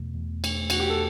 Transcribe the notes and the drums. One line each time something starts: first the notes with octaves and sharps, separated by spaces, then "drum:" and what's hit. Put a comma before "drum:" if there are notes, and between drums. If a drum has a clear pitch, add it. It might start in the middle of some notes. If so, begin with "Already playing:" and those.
Already playing: E2 B2 A3
E2
A3, drum: cymbal
E2 F#4, drum: cymbal
G4
A4